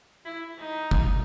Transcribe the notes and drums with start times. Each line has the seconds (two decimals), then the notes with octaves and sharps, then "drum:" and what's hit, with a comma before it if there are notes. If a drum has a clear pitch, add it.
0.25 E4
0.60 D#4
0.91 drum: kick